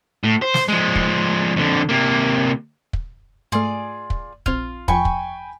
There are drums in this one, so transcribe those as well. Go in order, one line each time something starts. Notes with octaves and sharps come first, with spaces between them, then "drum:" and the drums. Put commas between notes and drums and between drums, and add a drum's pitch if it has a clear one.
A2
C5
drum: snare
F3 G#3
drum: kick
F2 D3
C3 A#3
drum: kick
G#2 A3 F4 G#4 D5
drum: kick
A#1 C4 F4 F6, drum: kick
E2 F3 G5 G#5 B5 C#6, drum: kick
drum: kick